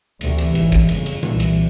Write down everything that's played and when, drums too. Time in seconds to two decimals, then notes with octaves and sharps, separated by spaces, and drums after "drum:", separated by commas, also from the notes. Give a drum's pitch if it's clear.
0.21 D2 C3 E3, drum: cymbal
0.38 drum: cymbal
0.55 G#1 G#2, drum: cymbal
0.72 drum: kick, cymbal
0.89 G1 F2 C#3, drum: cymbal
1.06 drum: cymbal
1.23 C2 A#2 E3, drum: tom C3
1.40 drum: cymbal